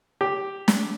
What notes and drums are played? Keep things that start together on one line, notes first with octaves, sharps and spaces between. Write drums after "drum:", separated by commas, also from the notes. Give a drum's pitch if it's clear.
G4
drum: snare